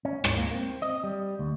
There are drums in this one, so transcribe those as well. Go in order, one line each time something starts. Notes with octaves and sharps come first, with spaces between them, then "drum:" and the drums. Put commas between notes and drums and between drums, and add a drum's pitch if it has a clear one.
C#4
G#2, drum: rim click
A#3
C4
D#5
G3
D2